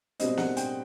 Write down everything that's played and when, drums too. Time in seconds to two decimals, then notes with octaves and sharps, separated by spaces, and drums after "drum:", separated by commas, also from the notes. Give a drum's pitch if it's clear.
0.20 B2 G3 C4 D#5, drum: hi-hat
0.37 F#5, drum: snare
0.57 G5, drum: hi-hat